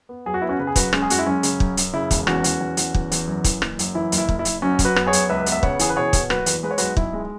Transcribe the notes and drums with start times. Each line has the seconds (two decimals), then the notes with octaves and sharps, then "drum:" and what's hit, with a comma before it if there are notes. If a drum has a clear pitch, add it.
0.09 B3
0.26 F#3 G#4
0.34 F#4
0.42 B3 E4
0.49 C#4 F#4
0.59 C#3 B4
0.67 G#4
0.76 F#2 F#4 B4, drum: kick, hi-hat
0.93 G#3 C#4, drum: rim click
1.02 G#4
1.10 G#3 F#4, drum: hi-hat
1.19 E4
1.26 F#2 C#4
1.43 C#3, drum: hi-hat
1.60 F#2, drum: kick
1.77 F#2, drum: hi-hat
1.93 C#3 E4
2.11 E1, drum: kick, hi-hat
2.27 E2 C#4 F#4, drum: rim click
2.44 E2, drum: hi-hat
2.61 E2
2.77 E2, drum: hi-hat
2.94 E2, drum: kick
3.12 E2, drum: hi-hat
3.27 F#2
3.44 E3, drum: kick, hi-hat
3.62 F#1, drum: rim click
3.79 F#2, drum: hi-hat
3.95 E3 E4
4.12 F#1, drum: hi-hat
4.18 E4
4.29 F#1, drum: kick
4.39 E4
4.45 F#1, drum: hi-hat
4.62 F#2 C#4 F#4
4.79 F#2, drum: kick, hi-hat
4.85 F#4 B4
4.96 B3, drum: rim click
5.06 G#4 C#5
5.13 F#2, drum: hi-hat
5.29 C#2 B4 E5
5.46 B3, drum: hi-hat
5.52 E5
5.63 C#3 C#5 F#5, drum: kick
5.79 E3 G#4, drum: hi-hat
5.89 B4
5.96 B2 G#4 C#5
6.13 B2, drum: kick, hi-hat
6.30 F#1 F#4 B4, drum: rim click
6.46 E2, drum: hi-hat
6.63 G#3 B4
6.71 C#5
6.78 B1 F#4 B4, drum: hi-hat
6.97 B1 E4, drum: kick
7.13 G#3